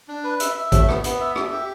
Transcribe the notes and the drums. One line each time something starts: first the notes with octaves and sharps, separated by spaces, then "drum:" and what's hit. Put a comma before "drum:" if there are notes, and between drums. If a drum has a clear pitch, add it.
D4
B4
E5, drum: hi-hat
E5
A3, drum: kick A1, hi-hat
B3, drum: rim click
B3, drum: hi-hat
E5
E5, drum: rim click
G4